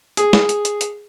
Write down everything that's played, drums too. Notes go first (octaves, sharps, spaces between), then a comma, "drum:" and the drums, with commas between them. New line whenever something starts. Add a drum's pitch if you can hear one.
G#4, drum: hi-hat
drum: snare
drum: hi-hat
drum: hi-hat
drum: hi-hat